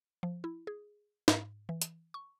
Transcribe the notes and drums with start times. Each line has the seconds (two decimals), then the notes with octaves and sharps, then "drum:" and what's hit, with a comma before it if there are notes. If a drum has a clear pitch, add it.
0.23 F3
0.44 E4
0.67 G#4
1.28 G#2, drum: snare
1.69 E3
1.82 drum: hi-hat
2.14 C#6